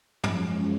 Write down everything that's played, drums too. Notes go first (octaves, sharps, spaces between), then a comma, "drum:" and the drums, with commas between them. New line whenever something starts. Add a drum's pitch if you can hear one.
F#2 F3 G#3 C#4, drum: tom